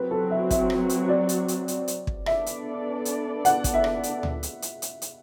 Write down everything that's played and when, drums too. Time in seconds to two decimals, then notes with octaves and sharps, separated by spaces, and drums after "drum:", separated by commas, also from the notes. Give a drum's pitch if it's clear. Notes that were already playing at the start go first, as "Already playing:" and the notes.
Already playing: F#3 C4 F#4 B4
0.11 A4
0.30 E5
0.50 E5, drum: kick, hi-hat
0.70 drum: rim click
0.89 drum: hi-hat
1.09 D5
1.29 drum: hi-hat
1.48 drum: hi-hat
1.68 drum: hi-hat
1.88 drum: hi-hat
2.07 drum: kick
2.26 B3 D4 A4 D5 E5, drum: rim click
2.46 drum: hi-hat
3.05 drum: hi-hat
3.45 F#5, drum: hi-hat
3.64 drum: kick, hi-hat
3.74 E5
3.84 drum: rim click
4.03 drum: hi-hat
4.23 drum: tom D2
4.43 drum: hi-hat
4.62 drum: hi-hat
4.82 drum: hi-hat
5.02 drum: hi-hat